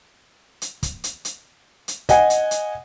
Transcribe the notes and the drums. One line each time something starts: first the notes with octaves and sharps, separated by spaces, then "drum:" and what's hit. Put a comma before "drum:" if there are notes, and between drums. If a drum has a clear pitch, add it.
drum: hi-hat
drum: kick, hi-hat
drum: hi-hat
drum: hi-hat
drum: hi-hat
D#5 F#5 G#5, drum: kick, hi-hat
drum: hi-hat
drum: hi-hat